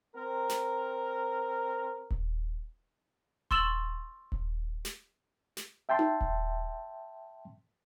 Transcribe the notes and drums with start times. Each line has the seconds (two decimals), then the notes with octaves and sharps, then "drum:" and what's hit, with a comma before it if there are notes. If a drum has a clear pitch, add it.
0.15 C4 A#4
0.49 drum: snare
2.10 drum: kick D#1
3.51 C6 C#6 E6 A6 E7 F#7, drum: kick D#1
4.32 drum: kick D#1
4.85 drum: snare
5.57 drum: snare
5.89 E5 G5 A5 C6
5.99 drum: tom D#4
6.21 drum: kick D#1